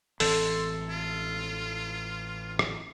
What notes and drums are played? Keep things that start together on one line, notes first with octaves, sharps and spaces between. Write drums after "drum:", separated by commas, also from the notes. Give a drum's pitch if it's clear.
A1 E3 C4 A4 C6, drum: open hi-hat
F4
drum: rim click